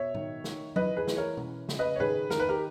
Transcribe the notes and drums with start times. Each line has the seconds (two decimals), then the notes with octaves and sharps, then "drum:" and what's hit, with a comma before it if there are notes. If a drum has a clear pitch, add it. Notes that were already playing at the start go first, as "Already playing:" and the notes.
Already playing: B2 C#5 E5
0.14 D#3, drum: tom A2
0.44 D#3, drum: snare
0.76 E3 B4 D#5, drum: tom F#3
0.97 G#4 B4
1.07 E3, drum: snare
1.17 A#4 C#5
1.37 C#4, drum: tom B2
1.69 C#3, drum: snare
1.79 B4 D#5
1.96 C#5
2.00 D#3 G#4 B4, drum: tom A2
2.30 D#3 A#4, drum: snare
2.40 B4
2.49 G4 A#4